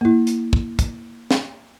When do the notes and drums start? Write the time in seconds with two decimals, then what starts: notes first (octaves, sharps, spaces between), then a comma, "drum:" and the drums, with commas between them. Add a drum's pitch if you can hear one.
0.01 A#3 E4
0.27 drum: hi-hat
0.53 drum: kick
0.79 drum: kick, hi-hat
1.31 drum: snare